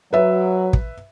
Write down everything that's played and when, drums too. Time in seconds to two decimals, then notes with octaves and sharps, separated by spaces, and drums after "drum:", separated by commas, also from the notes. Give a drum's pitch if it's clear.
0.13 F#3 B4 E5
0.73 drum: kick